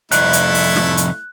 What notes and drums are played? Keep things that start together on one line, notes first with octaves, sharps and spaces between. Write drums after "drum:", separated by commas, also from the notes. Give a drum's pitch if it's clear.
C2 F2 A3 E4 F#6, drum: hi-hat
drum: hi-hat
drum: open hi-hat
drum: snare
drum: hi-hat